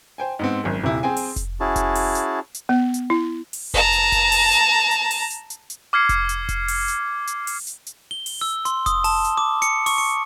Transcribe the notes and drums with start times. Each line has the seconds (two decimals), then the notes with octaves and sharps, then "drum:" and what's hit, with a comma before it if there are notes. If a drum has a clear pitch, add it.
0.18 C5 G5 G#5
0.39 G#2 B3 C4
0.64 G#1 F#2
0.84 D#1 C3 E4
1.03 C4 G#4 G5 G#5
1.17 drum: open hi-hat
1.36 drum: kick F1, hi-hat
1.60 C#4 E4 F#4 G#4 A5
1.76 drum: kick F1, hi-hat
1.95 drum: open hi-hat
2.15 drum: hi-hat
2.54 drum: hi-hat
2.69 B3
2.94 drum: hi-hat
3.10 E4
3.53 drum: open hi-hat
3.74 A5 A#5, drum: kick F1
3.92 drum: hi-hat
4.12 drum: kick F1, hi-hat
4.32 drum: open hi-hat
4.52 drum: hi-hat
4.91 drum: hi-hat
5.11 drum: open hi-hat
5.30 drum: hi-hat
5.50 drum: hi-hat
5.70 drum: hi-hat
5.93 D6 F6 G#6 C7 C#7
6.09 drum: kick F1, hi-hat
6.29 drum: hi-hat
6.49 drum: kick F1, hi-hat
6.68 drum: open hi-hat
6.88 drum: hi-hat
7.27 drum: hi-hat
7.47 drum: open hi-hat
7.67 drum: hi-hat
7.87 drum: hi-hat
8.11 G7
8.26 drum: open hi-hat
8.41 E6
8.65 C6, drum: hi-hat
8.86 D#6, drum: kick F1, hi-hat
9.04 A5, drum: open hi-hat
9.24 drum: hi-hat
9.37 D6
9.62 C#7, drum: hi-hat
9.86 C#6, drum: open hi-hat
9.98 C#7